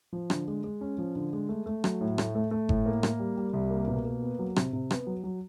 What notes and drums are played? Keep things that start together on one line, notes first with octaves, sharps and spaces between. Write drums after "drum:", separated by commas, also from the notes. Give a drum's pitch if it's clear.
F3
D3, drum: rim click
G#3
G#3
C#4
F3
D3
G#3
A3
A3
F#3, drum: rim click
A2
A3, drum: rim click
A3
A3
A2, drum: kick G1
A#3
A#3, drum: rim click
G3
G3
C2
A#3
B2
A#3
B3
F#3
C3, drum: rim click
C3
B3, drum: rim click
F#3
F#3